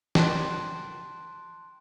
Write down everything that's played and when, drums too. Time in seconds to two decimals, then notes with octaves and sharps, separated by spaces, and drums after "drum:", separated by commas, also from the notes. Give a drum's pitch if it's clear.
0.15 G5 A5 C6 F#6, drum: snare